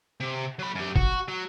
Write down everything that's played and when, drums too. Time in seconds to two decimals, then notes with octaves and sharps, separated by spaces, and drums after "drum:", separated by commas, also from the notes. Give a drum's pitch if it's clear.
0.20 C3
0.59 F#3 B5
0.75 F#2 G4
0.96 F#4, drum: kick
1.28 F#3